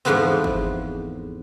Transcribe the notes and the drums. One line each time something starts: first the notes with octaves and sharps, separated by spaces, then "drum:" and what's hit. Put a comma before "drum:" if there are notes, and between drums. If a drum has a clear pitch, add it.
E2 G#2 F3 A3 B3 C4
drum: kick